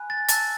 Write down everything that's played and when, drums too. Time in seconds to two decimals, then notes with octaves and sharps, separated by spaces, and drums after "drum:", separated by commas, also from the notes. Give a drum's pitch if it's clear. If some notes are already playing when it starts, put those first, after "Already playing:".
Already playing: G#5 B5 F#6
0.10 A6
0.28 A5 E6 A6, drum: hi-hat